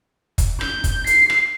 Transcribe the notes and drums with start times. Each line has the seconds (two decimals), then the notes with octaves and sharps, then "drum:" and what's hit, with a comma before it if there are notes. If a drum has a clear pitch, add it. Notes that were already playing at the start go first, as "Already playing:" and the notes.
0.38 drum: kick, hi-hat
0.61 G6, drum: rim click
0.84 drum: kick, hi-hat
1.07 C7, drum: hi-hat
1.30 drum: rim click